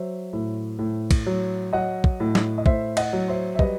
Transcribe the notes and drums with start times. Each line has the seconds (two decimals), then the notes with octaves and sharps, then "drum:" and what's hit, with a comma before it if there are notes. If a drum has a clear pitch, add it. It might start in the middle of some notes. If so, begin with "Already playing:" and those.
Already playing: F#3 C5 E5
0.33 A2
0.79 A2
1.11 drum: kick, cymbal
1.26 F#3
1.73 F#3 D#5 F#5
2.04 drum: kick
2.20 A2
2.35 drum: snare
2.58 D#5
2.66 A2 C5 E5, drum: kick
2.97 D#5 F#5, drum: cymbal
3.13 F#3
3.28 C5 E5
3.55 E5
3.59 G3 B4 D#5, drum: kick